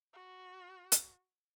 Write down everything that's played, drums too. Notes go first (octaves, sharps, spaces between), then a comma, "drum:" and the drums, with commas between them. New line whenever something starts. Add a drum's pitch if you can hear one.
F#4
drum: hi-hat